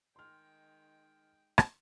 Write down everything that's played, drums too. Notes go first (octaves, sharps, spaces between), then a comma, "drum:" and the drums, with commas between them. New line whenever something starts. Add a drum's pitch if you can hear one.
D#3 G#3 G5 C6 F6
drum: rim click